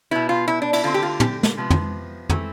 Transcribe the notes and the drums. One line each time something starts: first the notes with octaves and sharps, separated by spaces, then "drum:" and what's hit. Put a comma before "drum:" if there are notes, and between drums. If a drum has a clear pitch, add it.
B2 B3 E4
F4
E4
D4
E4, drum: cymbal
D3 A3 C4 F4
G4
F4
G4, drum: tom
drum: snare
C3 F3 B3
drum: tom
E3 A3 C4, drum: tom